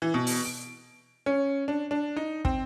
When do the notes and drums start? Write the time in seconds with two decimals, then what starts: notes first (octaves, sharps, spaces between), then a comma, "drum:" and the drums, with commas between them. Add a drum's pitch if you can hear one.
0.02 E3
0.14 B2
0.27 drum: open hi-hat
0.45 D7
1.26 C#4
1.68 D4
1.91 D4
2.16 D#4
2.45 C4, drum: kick